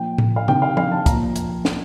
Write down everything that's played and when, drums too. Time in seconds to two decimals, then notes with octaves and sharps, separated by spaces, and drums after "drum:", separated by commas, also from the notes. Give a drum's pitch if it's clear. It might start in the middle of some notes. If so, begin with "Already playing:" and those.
Already playing: A#2 F3 G5
0.18 drum: tom A2
0.36 F5
0.48 C3 D#3 G5, drum: tom
0.62 F5
0.77 F5, drum: tom F3
0.92 A5
1.06 A#2 F3 A#5, drum: kick, hi-hat
1.36 drum: hi-hat
1.65 drum: snare